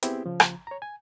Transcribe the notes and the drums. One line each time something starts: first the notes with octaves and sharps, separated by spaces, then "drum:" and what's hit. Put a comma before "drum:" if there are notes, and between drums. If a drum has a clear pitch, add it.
B3 C4 E4 G4 G#4, drum: hi-hat
C#3 F3
drum: rim click
C#5 A#5
G#5